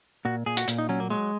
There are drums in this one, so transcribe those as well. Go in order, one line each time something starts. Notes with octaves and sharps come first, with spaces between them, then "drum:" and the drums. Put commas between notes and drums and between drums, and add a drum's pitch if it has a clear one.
A#2 F#4
A#2 G#4
F#4, drum: hi-hat
A#2, drum: hi-hat
D#4
F#3 C#4
A#3
F#3 G#3